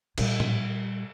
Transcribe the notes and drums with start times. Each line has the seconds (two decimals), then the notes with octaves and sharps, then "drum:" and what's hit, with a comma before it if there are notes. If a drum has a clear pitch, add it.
0.18 A#2 G3, drum: cymbal
0.40 drum: tom A2